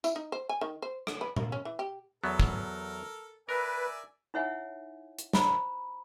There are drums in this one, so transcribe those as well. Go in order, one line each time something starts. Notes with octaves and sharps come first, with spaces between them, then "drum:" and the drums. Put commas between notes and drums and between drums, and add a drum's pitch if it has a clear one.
E4, drum: tambourine
D#4
C5
G#5
D#3
C5
D3, drum: rim click
B4
A#3, drum: tom A#2
C#4
E3
G4
E2 F#3 B3 A4 A#4
drum: kick
A#4 B4 D5 E5 G#5
D#4 E4 C#5 E5 F#5 G#5
drum: hi-hat
C5 A#5 B5, drum: snare